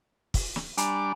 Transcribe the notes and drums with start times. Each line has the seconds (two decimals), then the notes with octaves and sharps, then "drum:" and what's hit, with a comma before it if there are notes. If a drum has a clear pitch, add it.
0.34 drum: kick, open hi-hat
0.56 drum: snare
0.77 G3 D4 G#5 A#5 B5 D6, drum: hi-hat